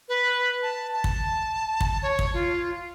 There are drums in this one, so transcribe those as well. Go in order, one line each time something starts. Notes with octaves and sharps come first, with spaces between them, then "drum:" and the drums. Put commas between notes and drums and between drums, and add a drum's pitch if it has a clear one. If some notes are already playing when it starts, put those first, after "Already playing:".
B4
A5
A5
drum: kick
drum: kick
C#5
drum: kick
F4